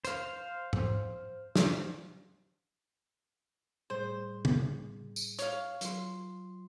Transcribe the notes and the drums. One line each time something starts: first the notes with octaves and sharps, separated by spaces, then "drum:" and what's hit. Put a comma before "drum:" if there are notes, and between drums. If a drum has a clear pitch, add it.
C5 F5, drum: hi-hat
drum: tom G#2
drum: snare
A2 G3 G#4 C5
drum: tom
drum: tambourine
C#5 F5, drum: hi-hat
F#3 F4 C6, drum: hi-hat